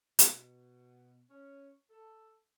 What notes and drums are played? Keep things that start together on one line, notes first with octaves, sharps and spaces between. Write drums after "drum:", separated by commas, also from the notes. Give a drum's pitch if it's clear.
B2, drum: hi-hat
C#4
A4